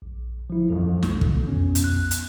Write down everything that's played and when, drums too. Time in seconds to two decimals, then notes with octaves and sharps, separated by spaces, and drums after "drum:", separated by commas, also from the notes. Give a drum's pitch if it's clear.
0.02 A#1
0.50 F3 E4
0.70 F2 F3 F#3 A4
1.03 B1, drum: snare
1.21 drum: kick
1.48 F2 B3 C#4
1.75 drum: hi-hat
1.84 F#6
2.11 drum: hi-hat